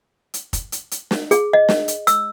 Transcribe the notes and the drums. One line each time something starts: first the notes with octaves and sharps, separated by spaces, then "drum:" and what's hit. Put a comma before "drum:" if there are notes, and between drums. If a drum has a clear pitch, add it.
drum: hi-hat
drum: kick, hi-hat
drum: hi-hat
drum: hi-hat
drum: snare
G#4, drum: hi-hat
D#5
drum: snare
drum: hi-hat
E6, drum: hi-hat